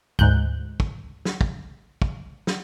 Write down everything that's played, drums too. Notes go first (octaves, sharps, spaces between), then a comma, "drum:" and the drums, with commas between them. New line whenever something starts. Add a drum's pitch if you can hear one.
D2 G#2 F#6 G6, drum: kick
drum: kick
drum: snare
drum: kick
drum: kick
drum: snare